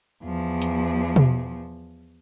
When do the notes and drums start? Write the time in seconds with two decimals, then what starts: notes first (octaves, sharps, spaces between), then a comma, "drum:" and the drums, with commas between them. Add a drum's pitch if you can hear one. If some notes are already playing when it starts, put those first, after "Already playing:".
0.24 E2 F3
0.62 drum: hi-hat
1.16 drum: tom B2